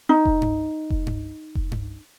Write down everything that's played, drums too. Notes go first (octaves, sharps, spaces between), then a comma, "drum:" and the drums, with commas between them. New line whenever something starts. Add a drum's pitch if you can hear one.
D#4
drum: kick F1
drum: tom G2
drum: kick F1
drum: tom G2
drum: kick F1
drum: tom G2